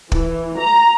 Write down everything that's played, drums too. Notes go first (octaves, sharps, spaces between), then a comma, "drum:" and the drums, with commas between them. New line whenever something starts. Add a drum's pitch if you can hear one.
E3, drum: kick
A#5